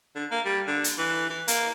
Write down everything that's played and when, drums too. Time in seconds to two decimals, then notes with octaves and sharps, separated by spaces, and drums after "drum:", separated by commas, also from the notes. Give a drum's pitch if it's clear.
0.16 D3
0.31 A#3
0.45 G3
0.67 D3
0.84 drum: hi-hat
0.98 E3
1.30 E3
1.48 A#3, drum: hi-hat